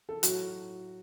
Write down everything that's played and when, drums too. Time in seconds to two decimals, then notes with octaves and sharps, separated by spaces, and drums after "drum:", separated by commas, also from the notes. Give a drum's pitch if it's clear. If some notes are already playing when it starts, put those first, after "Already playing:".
0.09 A4
0.23 A2 F#3 F#4, drum: hi-hat